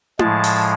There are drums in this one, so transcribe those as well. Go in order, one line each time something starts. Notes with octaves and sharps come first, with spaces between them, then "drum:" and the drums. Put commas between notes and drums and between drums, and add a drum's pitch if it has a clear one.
A2 F3 G#3 A5, drum: tom E4
drum: open hi-hat